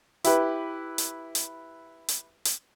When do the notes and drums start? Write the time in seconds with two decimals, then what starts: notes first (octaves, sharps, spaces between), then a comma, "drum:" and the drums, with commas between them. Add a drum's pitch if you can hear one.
0.24 E4 G4 B4, drum: hi-hat
0.98 drum: hi-hat
1.35 drum: hi-hat
2.08 drum: hi-hat
2.45 drum: hi-hat